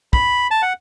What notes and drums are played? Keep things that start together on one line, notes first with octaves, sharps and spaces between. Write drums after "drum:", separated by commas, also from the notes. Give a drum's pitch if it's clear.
B5, drum: kick
A5
F#5